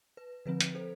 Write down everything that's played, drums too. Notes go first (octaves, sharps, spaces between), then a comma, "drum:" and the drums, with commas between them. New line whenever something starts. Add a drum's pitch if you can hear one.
B4
D3 F3 C4 B4
drum: hi-hat
A4 C5